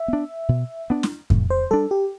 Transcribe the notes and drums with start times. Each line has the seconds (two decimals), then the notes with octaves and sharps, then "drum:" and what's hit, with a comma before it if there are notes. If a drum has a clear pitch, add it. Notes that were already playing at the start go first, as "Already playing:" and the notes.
Already playing: E5
0.08 B3 D4
0.49 B2
0.90 B3 D4
1.03 drum: snare
1.30 A2, drum: kick F2
1.50 C5
1.71 G3 D4 A4
1.91 G4